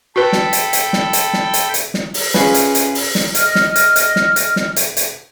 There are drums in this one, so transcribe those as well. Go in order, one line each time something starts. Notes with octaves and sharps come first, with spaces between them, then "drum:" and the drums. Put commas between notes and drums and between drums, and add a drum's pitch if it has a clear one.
F#4 A4 B4 G5 B5
drum: snare
drum: hi-hat
drum: hi-hat
drum: snare
drum: hi-hat
drum: snare
drum: hi-hat
drum: hi-hat
drum: snare
drum: open hi-hat
C#4 F4 G#4 B4, drum: snare
drum: hi-hat
drum: hi-hat
drum: open hi-hat
drum: snare
D#5 F6, drum: hi-hat
drum: snare
drum: hi-hat
drum: hi-hat
drum: snare
drum: hi-hat
drum: snare
drum: hi-hat
drum: hi-hat